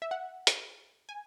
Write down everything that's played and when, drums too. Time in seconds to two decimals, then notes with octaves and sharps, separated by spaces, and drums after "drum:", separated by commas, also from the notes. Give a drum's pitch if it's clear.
0.02 E5
0.11 F#5
0.47 drum: hi-hat
1.09 G#5